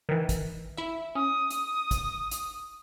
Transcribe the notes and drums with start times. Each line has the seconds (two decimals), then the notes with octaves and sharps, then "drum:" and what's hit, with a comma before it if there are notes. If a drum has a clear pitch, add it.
0.09 D#3 E3
0.29 drum: kick, hi-hat
0.77 E4 E5
1.15 C#4 D#6
1.50 drum: hi-hat
1.91 drum: kick, hi-hat
2.31 drum: hi-hat